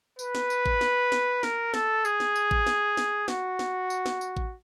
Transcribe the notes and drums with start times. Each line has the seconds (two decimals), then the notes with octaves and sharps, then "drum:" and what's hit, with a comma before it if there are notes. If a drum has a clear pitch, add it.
0.19 B4, drum: tambourine
0.35 drum: snare
0.50 drum: tambourine
0.66 drum: kick A1
0.81 drum: snare
1.12 drum: snare
1.43 A#4, drum: snare
1.74 A4, drum: snare
2.05 G#4, drum: tambourine
2.20 drum: snare
2.36 drum: tambourine
2.51 drum: kick A1
2.67 drum: snare
2.97 drum: snare
3.28 F#4, drum: snare
3.59 drum: snare
3.90 drum: tambourine
4.06 drum: snare
4.21 drum: tambourine
4.37 drum: kick A1